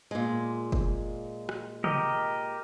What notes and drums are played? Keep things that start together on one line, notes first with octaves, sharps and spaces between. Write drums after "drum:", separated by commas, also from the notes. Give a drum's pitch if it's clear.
A#2 G#3
drum: kick
drum: rim click
G4 A#4 D#5, drum: tom